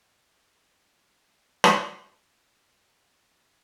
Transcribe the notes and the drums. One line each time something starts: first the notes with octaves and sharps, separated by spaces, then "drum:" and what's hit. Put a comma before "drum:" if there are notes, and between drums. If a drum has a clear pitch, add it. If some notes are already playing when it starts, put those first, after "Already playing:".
F4 F#4 D#5
drum: rim click
F5 F#5 A5 D6
G3 A3 F4 G4